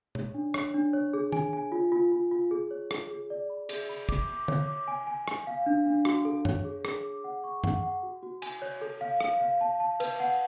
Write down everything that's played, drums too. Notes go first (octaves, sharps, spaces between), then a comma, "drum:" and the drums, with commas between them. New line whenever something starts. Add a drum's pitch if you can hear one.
C#5, drum: tom
D4
C#5, drum: rim click
D4
C#5
G#4
G#5, drum: tom
G#5
F4
F4
F4
F4
G#4
C#5
G#4, drum: rim click
G#4
D5
B5
G#4, drum: cymbal
B5
D6, drum: kick
D6
C#5, drum: tom
D6
G#5
G#5
G#5, drum: rim click
F5
D4
D4
F#4, drum: rim click
A4
C#5, drum: tom F#2
G#4
G#4, drum: rim click
D6
F#5
C#6
F#5, drum: tom F#2
F#5
F#4
F#4
G#5, drum: cymbal
C#5
A4
F5
F5, drum: rim click
F5
A5
A5
B4, drum: cymbal
F#5